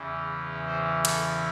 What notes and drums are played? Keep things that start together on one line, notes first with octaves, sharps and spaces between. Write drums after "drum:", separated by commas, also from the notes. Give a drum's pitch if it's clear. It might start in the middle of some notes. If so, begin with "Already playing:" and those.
Already playing: E2 C#3 E3
C5
A4, drum: cymbal